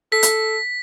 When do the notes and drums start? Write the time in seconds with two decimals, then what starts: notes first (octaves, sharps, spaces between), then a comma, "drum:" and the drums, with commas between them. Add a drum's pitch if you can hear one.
0.12 A4 B6
0.23 drum: hi-hat